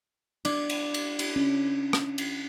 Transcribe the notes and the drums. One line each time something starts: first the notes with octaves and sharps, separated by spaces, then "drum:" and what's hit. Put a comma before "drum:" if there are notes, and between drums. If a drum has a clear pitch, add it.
D4, drum: cymbal
drum: cymbal
drum: cymbal
drum: cymbal
C#4
drum: rim click
drum: cymbal